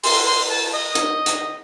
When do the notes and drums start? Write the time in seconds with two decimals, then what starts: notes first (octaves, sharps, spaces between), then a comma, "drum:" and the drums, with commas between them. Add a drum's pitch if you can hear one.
0.04 C6, drum: open hi-hat
0.26 C6
0.49 A5
0.72 D#5
0.95 drum: hi-hat
1.26 drum: hi-hat